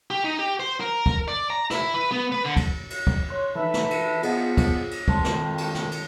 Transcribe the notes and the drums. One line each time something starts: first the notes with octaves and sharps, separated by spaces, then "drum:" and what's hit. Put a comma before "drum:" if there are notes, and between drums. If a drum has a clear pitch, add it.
G4
D#4
G4
C5
A#4
drum: kick
D5
A#5
E4, drum: snare
B4
B3
B4
D3
drum: kick, cymbal
drum: cymbal
drum: kick
C#5 C6 F#6
E3 D#4 A4 B4 E5
drum: snare
drum: cymbal
F3 B3 F4 G#4 D#5, drum: cymbal
drum: kick, cymbal
drum: cymbal
F2 D#3 G#3 A5 C6, drum: kick
drum: snare
drum: cymbal
drum: snare
drum: cymbal